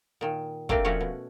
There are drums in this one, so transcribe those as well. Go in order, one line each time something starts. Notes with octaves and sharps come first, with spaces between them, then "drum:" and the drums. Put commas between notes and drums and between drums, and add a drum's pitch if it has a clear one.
A#2 D#3
A3 A#3 C4 D4 G4, drum: kick
A#2 F3 A3 C#4 F#4 C#5
B2